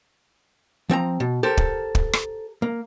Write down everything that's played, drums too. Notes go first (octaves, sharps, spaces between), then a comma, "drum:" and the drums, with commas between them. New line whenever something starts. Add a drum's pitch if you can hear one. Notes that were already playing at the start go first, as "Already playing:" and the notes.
F3 C4 G5 A#5
B2
G4 A4 A#4 C5
drum: kick
drum: kick
drum: rim click
A#3